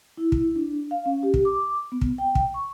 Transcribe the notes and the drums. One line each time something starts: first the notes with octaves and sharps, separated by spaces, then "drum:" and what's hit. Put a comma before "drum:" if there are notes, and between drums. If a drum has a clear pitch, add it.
E4
drum: kick
D4
F5
C#4
G4
drum: kick
D6
B3
drum: kick
G5
drum: kick
C#6